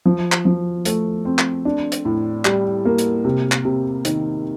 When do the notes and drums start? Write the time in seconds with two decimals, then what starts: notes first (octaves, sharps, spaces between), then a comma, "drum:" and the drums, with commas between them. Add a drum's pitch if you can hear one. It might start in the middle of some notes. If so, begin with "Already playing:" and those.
0.05 F3
0.32 drum: clap
0.45 F3
0.85 A3, drum: hi-hat
1.25 C4
1.39 drum: clap
1.65 D4
1.92 drum: hi-hat
2.05 A2
2.45 G3, drum: clap
2.85 A#3
2.98 drum: hi-hat
3.25 C3
3.52 drum: clap
3.65 C3
4.05 D#3, drum: hi-hat